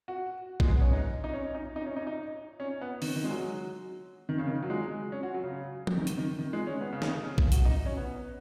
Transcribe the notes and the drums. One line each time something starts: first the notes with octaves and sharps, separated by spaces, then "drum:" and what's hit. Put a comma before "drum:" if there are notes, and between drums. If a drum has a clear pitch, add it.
F#4
G#3, drum: kick A#1
B3
C#4
D#4
D#4
C#4
D#4
D#4
C#4
D#4
D#4
C#4
B3
D#3, drum: open hi-hat
D#3
G#3
F#3
D#3
C#3
D#3
F#3
G#3
C#4
F#4
F#3
C#3
drum: tom F3
D#3
drum: hi-hat
D#3
D#3
G#3
C#4
B3
C#3
D#3, drum: snare
C#3
drum: kick A#1
F#4, drum: hi-hat
D#4
C#4
B3